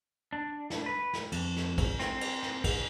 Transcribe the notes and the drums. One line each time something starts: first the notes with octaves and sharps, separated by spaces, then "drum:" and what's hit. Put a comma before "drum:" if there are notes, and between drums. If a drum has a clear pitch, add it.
D4
drum: snare
B4
drum: snare
F2, drum: cymbal
drum: snare
drum: kick, cymbal
C4, drum: snare
drum: cymbal
drum: snare
drum: kick, cymbal